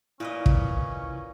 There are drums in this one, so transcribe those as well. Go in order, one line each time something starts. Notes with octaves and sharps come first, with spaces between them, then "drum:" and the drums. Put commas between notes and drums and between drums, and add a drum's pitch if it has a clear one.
A#2 C#4 E4 B4 D#5
drum: kick